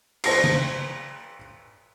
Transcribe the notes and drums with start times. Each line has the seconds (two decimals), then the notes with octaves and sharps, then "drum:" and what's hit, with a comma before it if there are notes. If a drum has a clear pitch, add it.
0.24 C5 A#6 C7, drum: cymbal
0.44 drum: tom C#3